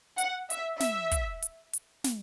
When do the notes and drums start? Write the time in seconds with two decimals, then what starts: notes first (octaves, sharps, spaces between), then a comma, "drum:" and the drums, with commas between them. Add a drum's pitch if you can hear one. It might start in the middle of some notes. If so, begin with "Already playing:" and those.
0.18 F#5, drum: hi-hat
0.50 E5, drum: hi-hat
0.80 E5, drum: snare
1.11 drum: kick, hi-hat
1.42 drum: hi-hat
1.73 drum: hi-hat
2.04 drum: snare